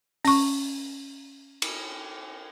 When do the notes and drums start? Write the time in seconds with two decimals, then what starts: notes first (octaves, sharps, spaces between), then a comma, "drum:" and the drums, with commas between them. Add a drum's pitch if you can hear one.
0.25 C#4 C#6, drum: open hi-hat
1.62 drum: cymbal